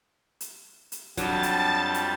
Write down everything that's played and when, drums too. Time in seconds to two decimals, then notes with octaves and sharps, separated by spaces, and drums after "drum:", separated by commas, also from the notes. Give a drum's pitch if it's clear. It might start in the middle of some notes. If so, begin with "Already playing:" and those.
0.41 drum: hi-hat
0.92 drum: hi-hat
1.17 F2 F#3 G3 D4 A5 A6, drum: kick, hi-hat
1.43 drum: hi-hat
1.94 drum: hi-hat